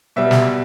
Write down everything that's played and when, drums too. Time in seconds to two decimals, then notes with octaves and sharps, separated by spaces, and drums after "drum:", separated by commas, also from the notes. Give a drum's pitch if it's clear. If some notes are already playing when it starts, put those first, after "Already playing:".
0.16 B2 G3 E5
0.31 drum: snare